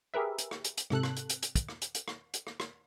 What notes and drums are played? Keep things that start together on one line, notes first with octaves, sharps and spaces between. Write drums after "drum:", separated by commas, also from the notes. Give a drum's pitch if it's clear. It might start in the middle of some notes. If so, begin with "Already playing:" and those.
G4 G#4 A#4 B4 E5
drum: hi-hat
drum: rim click
drum: hi-hat
drum: hi-hat
G#2 C3 A4 F#6, drum: rim click
drum: rim click
drum: hi-hat
drum: hi-hat
drum: hi-hat
drum: kick, hi-hat
drum: rim click
drum: hi-hat
drum: hi-hat
drum: rim click
drum: hi-hat
drum: rim click
drum: rim click